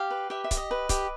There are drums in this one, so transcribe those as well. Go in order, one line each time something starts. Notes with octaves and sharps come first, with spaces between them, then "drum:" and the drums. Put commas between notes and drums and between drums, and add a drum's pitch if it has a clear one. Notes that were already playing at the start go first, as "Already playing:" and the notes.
Already playing: G4 F5
B4
G4 E5
E5
G4, drum: kick C#1, hi-hat
D#5
B4
G4, drum: kick C#1, hi-hat